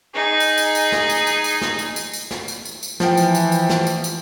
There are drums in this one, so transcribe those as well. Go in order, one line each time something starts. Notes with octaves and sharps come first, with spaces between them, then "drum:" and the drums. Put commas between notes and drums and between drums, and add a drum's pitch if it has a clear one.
D#4 G#4
drum: tambourine
drum: tambourine
drum: tambourine
drum: snare
drum: tambourine
drum: tambourine
drum: tambourine
drum: snare
drum: tambourine
drum: tambourine
drum: tambourine
drum: snare
drum: tambourine
drum: tambourine
drum: tambourine
E3 F3 G5, drum: snare
drum: tambourine
drum: tambourine
drum: tambourine
drum: snare
drum: tambourine
drum: tambourine